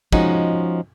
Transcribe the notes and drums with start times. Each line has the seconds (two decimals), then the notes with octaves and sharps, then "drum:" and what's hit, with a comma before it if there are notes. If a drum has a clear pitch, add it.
0.13 F3 G#3 C#4 D#4 F#4, drum: kick